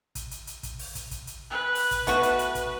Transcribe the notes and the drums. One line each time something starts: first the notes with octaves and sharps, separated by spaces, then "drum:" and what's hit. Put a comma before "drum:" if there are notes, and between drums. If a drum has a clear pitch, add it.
drum: kick, hi-hat
drum: hi-hat
drum: hi-hat
drum: kick, hi-hat
drum: open hi-hat
drum: kick, hi-hat
drum: kick, hi-hat
drum: hi-hat
B4
drum: open hi-hat
drum: kick, hi-hat
A3 B3 F#4, drum: kick, hi-hat
drum: hi-hat
drum: hi-hat
drum: kick, hi-hat